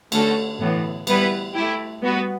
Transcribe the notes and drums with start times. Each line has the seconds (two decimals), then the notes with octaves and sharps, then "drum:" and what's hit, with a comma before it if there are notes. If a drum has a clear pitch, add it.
0.12 D3 A3 C#4 F#4 A4, drum: cymbal
0.59 A2 E3 B3
1.07 G3 B3 E4 B4, drum: cymbal
1.54 A3 E4 G4
2.02 G3 B3 F#4 B4